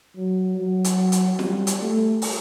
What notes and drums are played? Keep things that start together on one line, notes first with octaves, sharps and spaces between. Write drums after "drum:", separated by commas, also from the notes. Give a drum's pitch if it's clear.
F#3
F#3
drum: hi-hat
drum: hi-hat
G3, drum: snare
drum: hi-hat
A3
drum: open hi-hat